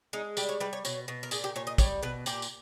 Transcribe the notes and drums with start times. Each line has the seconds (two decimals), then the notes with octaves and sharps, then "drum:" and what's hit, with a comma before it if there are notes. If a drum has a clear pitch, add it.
0.13 G#3 D#4
0.37 G3 G4, drum: tambourine
0.49 C#5
0.60 G3 B4
0.73 C#5
0.85 B2 C#5, drum: tambourine
1.08 B2
1.23 A#4
1.31 A#2 G#4, drum: tambourine
1.44 G4
1.56 A#2 C#5
1.67 D#5
1.78 G3 C#5, drum: kick, tambourine
2.03 B2 B4
2.26 A#2 G4, drum: tambourine
2.42 drum: tambourine